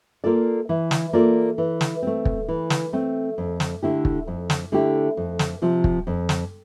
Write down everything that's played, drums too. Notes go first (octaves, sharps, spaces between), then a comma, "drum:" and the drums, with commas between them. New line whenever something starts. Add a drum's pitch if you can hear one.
A#3 F4 A4 D5
E3
drum: snare
A#3 F4 A4 D5
E3
drum: snare
A3 C4
drum: kick
E3
drum: snare
A3 C4
F2
drum: snare
D3 A3 E4 G4
drum: kick
F2
drum: snare
D3 A3 E4 G4
F2
drum: snare
C3 F3
drum: kick
F2
drum: snare